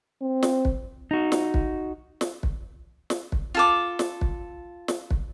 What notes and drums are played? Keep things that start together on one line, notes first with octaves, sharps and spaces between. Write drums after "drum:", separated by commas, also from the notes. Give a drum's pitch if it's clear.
C4
drum: snare
drum: kick
D#4 F#4
drum: snare
drum: kick
drum: snare
drum: kick
drum: snare
drum: kick
F4 A4 D6
drum: snare
drum: kick
drum: snare
drum: kick